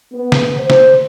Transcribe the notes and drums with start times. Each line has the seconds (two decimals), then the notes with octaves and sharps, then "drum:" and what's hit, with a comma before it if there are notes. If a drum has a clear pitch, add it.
0.13 B3
0.32 drum: snare
0.59 C5
0.70 drum: snare